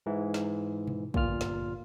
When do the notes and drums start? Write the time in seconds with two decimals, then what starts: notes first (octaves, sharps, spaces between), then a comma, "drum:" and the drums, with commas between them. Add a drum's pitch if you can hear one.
0.06 G#2 E3
0.34 drum: snare
0.88 drum: tom B2
1.14 G1 A#2 F4 F6, drum: kick
1.41 drum: snare